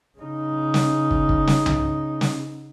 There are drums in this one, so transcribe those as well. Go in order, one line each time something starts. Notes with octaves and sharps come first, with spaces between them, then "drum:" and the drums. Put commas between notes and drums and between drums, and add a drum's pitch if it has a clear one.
C#3 D#4
drum: snare
drum: kick
drum: kick
drum: snare
drum: tom C2
drum: snare